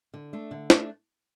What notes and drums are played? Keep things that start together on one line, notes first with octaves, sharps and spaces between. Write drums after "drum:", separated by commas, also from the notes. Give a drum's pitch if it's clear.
D3
A3 D4
D3
A3 D4, drum: snare